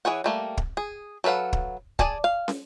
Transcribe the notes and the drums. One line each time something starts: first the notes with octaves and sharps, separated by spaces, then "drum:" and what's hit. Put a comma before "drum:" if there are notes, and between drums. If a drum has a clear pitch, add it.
E3 G#4 C#5 F#5
G3 A3 A#3
drum: kick
G#4
F#3 A4 B4 F5 F#5
drum: kick
G#4 D5 G#5 A5, drum: kick
F5
drum: snare